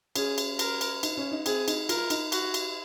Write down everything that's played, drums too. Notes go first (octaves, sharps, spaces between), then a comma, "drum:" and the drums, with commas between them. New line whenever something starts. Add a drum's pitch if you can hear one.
C#4 G#4, drum: cymbal
drum: cymbal
A#4, drum: cymbal
drum: cymbal
D#4, drum: cymbal
C#4
D#4
C4 G#4, drum: cymbal
D#4, drum: cymbal
F4 A#4, drum: cymbal
D#4, drum: cymbal
F#4, drum: cymbal
drum: cymbal